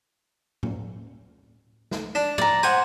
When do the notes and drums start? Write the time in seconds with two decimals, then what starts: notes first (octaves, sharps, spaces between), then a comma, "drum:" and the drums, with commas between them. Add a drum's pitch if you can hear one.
0.63 drum: tom A2
1.91 drum: snare
2.15 D4
2.38 D5 A#5, drum: tom A2
2.63 C5 F#5 G#5